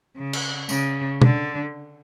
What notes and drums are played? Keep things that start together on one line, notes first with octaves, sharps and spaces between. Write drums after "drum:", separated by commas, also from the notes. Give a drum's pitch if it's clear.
C#3
drum: cymbal
C#3, drum: tambourine
D3, drum: tom B2